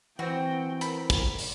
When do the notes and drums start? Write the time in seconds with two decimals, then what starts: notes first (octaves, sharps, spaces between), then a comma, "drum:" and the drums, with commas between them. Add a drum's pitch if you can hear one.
0.19 E3 C4 F#4 G5
0.81 A#4 B5, drum: hi-hat
1.10 drum: kick, hi-hat
1.39 drum: open hi-hat